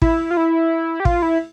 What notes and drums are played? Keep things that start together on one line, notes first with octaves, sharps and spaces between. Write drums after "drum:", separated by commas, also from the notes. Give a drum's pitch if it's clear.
E4, drum: kick
F4
E4
G4
F4, drum: kick
E4